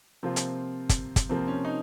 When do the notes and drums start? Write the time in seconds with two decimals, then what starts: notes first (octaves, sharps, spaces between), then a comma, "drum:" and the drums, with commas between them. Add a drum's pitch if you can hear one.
0.23 C3 F3 A#3 C4 F4
0.36 drum: hi-hat
0.89 drum: kick, hi-hat
1.16 drum: kick, hi-hat
1.29 C3 F3 A#3 C4
1.48 C#4
1.65 D#4